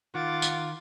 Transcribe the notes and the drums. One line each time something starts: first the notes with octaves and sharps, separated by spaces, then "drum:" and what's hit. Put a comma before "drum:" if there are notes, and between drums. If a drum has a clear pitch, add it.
D#3 F4 F#5 D6 A6
drum: tambourine